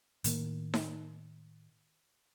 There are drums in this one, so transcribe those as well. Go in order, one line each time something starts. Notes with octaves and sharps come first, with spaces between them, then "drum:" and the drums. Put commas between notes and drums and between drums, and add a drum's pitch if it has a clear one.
A2 D#3 A#3, drum: hi-hat
drum: snare D#4